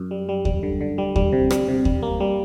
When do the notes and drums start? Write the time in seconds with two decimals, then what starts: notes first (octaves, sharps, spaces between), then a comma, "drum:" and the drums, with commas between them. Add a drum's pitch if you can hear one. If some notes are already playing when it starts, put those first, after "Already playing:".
Already playing: F#2
0.11 G3
0.29 G3
0.45 G3, drum: kick D#2
0.63 D3
0.81 D3
0.98 G3
1.16 G3, drum: kick D#2
1.32 C3
1.51 G3, drum: rim click
1.68 C3
1.85 G3, drum: kick D#2
2.03 A#3
2.20 G3